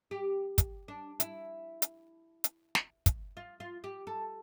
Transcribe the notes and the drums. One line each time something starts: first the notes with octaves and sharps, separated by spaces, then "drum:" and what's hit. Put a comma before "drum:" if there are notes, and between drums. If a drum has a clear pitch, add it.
G4
drum: kick, hi-hat
D4
E4, drum: hi-hat
drum: hi-hat
drum: hi-hat
drum: snare
drum: kick, hi-hat
F4
F4
G4
A4